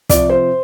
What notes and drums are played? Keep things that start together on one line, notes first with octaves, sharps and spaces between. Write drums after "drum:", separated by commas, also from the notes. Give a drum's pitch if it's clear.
C3 F3 D5, drum: kick, hi-hat
C5